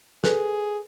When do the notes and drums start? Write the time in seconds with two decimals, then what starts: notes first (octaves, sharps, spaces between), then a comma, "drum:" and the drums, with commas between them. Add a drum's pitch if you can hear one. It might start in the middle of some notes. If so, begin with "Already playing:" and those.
0.24 G#4 A4 B4, drum: snare